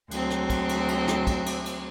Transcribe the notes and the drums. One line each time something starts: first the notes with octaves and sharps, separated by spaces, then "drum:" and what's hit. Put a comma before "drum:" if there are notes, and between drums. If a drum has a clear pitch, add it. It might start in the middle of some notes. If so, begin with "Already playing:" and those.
D2 F#3 G#3 C4, drum: cymbal
drum: snare
drum: kick, cymbal
drum: cymbal
drum: cymbal
drum: snare
drum: kick, cymbal
drum: cymbal
drum: cymbal